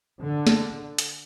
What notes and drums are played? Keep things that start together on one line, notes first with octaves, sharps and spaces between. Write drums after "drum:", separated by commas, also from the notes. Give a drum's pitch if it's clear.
D3
drum: snare
drum: hi-hat